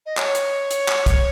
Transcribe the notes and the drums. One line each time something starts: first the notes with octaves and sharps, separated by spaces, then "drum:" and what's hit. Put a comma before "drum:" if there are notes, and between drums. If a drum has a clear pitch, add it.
D#5
C#5, drum: clap
drum: hi-hat
drum: hi-hat
drum: clap
drum: kick, hi-hat